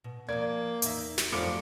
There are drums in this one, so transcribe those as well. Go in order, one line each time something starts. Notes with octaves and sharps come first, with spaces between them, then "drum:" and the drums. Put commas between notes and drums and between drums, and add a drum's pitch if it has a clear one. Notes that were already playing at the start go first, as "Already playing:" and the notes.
B2
F3 A#3 D5 G#6
E2 D#4 E5, drum: hi-hat
drum: snare
F1 F3 F#3 G4 D6 C#7